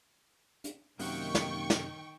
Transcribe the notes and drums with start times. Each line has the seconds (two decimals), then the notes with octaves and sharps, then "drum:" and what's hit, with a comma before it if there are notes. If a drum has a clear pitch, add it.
0.64 drum: hi-hat
0.99 F#2 C3 D#3 A#3 D#4 F#5 G5 C#6, drum: open hi-hat
1.35 drum: snare
1.70 drum: snare